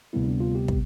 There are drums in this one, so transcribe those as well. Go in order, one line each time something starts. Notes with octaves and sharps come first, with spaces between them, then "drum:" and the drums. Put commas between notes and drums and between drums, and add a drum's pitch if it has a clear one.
D2 C3 G3 B3 E4
D4
F4
G4
drum: kick